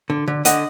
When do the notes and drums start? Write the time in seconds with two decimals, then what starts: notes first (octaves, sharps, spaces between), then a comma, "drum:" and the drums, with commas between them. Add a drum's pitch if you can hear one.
0.10 D3
0.28 D3
0.45 D3 D#5 F#5, drum: hi-hat